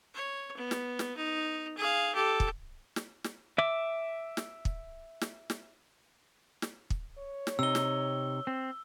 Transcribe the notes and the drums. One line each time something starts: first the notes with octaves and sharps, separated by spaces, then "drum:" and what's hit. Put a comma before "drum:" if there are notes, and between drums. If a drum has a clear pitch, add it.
C#5
B3
drum: snare
drum: snare
D#4
G#4 F5
G4 A4
drum: kick
drum: snare
drum: snare
E5 D6
drum: snare
drum: kick
drum: snare
drum: snare
drum: snare
drum: kick
C#5
drum: snare
C3 D#4 E6 G7
drum: snare
C4